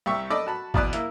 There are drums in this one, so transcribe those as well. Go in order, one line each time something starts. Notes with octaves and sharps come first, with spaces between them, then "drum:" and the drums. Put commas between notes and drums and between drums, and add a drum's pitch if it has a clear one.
C2 G4 E5 C#6
A4 D5 D#5 B5 D6 E6
F#4 A5 B5
E2 B2 D5 F#6, drum: kick G1
A#3 E4, drum: hi-hat